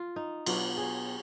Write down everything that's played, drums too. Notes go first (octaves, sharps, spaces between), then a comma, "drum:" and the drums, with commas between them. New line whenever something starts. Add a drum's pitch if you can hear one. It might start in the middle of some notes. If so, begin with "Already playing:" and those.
Already playing: F4
D#4
B2 F#3 B3 D4 F4, drum: cymbal
G#4